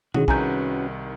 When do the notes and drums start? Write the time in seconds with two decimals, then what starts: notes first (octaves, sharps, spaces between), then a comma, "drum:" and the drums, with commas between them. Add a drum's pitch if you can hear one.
0.14 D#3 C#4 E4 F#4 G#4, drum: tom B2
0.28 C2 D#3 C#4 F#4 B4 G#5 A#5 G6, drum: kick